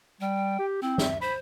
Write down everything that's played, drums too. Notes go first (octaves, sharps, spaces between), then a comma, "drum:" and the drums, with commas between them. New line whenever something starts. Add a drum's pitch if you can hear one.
G3 G5
G4
C4 E4
E5, drum: snare
C5 B5